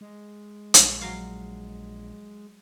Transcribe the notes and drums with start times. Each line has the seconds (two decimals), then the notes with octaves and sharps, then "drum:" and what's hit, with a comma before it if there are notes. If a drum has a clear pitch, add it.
0.01 G#3
0.74 A#1, drum: hi-hat
1.01 F#3 F5